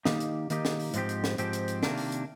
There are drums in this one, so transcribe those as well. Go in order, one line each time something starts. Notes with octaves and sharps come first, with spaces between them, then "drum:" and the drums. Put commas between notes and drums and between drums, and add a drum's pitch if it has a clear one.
D#3 A#3 D#4 G4, drum: snare
drum: hi-hat
D#3 A#3 D#4 G4, drum: hi-hat
drum: snare
drum: open hi-hat
G#2 F3 C4 G4, drum: hi-hat
drum: hi-hat
drum: snare
G#2 F3 C4 G4, drum: hi-hat
drum: hi-hat
drum: hi-hat
C3 D#3 A#3 D4, drum: snare
drum: open hi-hat
drum: hi-hat